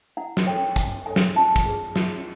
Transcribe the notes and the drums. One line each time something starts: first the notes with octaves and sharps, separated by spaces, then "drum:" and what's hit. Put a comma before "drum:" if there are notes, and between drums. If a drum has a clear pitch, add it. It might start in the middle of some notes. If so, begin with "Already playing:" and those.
E4 F#5
drum: snare
A4 C#5 G5
E4 G#5, drum: kick, hi-hat
A4 C#5 G#5
drum: snare
F4 A5
drum: kick, hi-hat
G#4 B4
F4, drum: snare